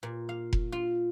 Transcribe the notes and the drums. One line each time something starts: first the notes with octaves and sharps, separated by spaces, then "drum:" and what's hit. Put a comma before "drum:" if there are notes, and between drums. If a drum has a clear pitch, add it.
A#2
F5
drum: kick F1
F4